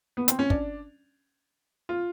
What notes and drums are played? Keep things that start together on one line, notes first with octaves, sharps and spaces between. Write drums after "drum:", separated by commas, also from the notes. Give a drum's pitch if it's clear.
B3
C4, drum: hi-hat
C#4
D4, drum: kick
F4